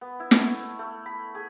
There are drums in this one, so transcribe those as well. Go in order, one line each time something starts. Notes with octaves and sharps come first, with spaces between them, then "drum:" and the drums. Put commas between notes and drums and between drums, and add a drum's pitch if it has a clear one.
B3
E4
A3, drum: snare
A3
B5
G#4